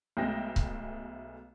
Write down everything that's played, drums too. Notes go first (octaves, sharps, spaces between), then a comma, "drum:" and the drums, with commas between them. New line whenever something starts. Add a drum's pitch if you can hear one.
B1 G#3 A3 B3 G5 A#6
drum: kick C#1